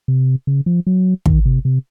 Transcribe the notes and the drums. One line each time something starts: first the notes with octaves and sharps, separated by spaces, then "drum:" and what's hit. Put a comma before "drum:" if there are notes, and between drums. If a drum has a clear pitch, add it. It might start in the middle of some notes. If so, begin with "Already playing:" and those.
C3
C#3
F3
F#3
D#3, drum: kick
C3
C3